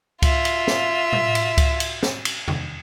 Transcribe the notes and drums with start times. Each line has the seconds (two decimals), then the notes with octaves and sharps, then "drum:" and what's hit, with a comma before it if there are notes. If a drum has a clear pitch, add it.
0.22 F4 E5, drum: kick C#2, cymbal
0.45 drum: cymbal
0.67 drum: snare
1.12 drum: tom A2
1.35 drum: cymbal
1.58 drum: kick C#2, cymbal
1.80 drum: cymbal
2.03 drum: snare
2.25 drum: cymbal
2.48 drum: tom